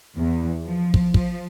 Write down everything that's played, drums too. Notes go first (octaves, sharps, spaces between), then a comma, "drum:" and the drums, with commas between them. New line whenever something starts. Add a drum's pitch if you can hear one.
E2
F3
drum: kick
F3, drum: kick